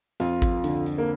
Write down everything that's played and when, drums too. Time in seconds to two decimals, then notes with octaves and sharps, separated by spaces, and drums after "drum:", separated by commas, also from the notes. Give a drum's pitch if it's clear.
0.20 F2 F4, drum: hi-hat
0.42 drum: kick G#1, hi-hat
0.64 D3, drum: hi-hat
0.86 drum: hi-hat
0.98 A#3